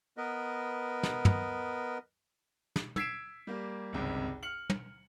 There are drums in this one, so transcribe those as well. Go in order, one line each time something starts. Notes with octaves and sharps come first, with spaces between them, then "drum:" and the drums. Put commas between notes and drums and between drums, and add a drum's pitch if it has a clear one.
B3 A#4 B4 D#5
drum: snare
drum: tom
drum: snare
E6 G#6 B6 C7 D7 E7, drum: tom
G3 A#3
G#1 C#2 G2 C3
F6 C#7 F#7
drum: tom